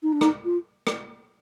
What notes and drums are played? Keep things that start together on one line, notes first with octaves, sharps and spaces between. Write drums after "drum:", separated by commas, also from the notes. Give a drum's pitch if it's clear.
D#4
D4
D#4, drum: rim click
F4
drum: rim click